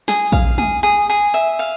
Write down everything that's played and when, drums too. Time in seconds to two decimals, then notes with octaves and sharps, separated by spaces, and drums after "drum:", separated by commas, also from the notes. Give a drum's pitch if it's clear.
0.08 G#4, drum: snare
0.32 F5, drum: kick
0.58 G#4, drum: tom
0.83 G#4
1.10 G#4
1.34 E5
1.59 F5